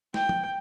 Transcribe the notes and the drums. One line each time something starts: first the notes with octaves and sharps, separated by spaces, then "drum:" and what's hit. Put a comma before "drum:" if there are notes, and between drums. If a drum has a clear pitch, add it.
G5, drum: snare
drum: tom